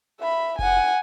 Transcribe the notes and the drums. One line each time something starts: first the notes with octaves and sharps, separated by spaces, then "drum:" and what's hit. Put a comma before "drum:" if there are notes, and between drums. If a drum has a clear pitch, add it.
E5 B5
F#5 G#5, drum: kick F1